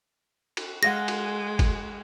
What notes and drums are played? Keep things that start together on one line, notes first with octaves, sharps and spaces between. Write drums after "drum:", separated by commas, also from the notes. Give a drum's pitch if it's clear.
drum: cymbal
G#3 G#4 F5 F#5 A#6
drum: cymbal
drum: kick, cymbal